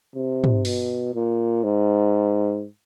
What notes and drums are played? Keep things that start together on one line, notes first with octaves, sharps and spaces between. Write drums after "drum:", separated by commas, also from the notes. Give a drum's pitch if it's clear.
C3
drum: tom
B2, drum: open hi-hat
A#2
G#2